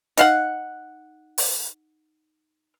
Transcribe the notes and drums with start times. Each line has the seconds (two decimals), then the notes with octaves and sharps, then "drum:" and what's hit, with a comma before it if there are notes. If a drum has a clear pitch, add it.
0.17 D#4 F5 F#5, drum: hi-hat
1.38 drum: open hi-hat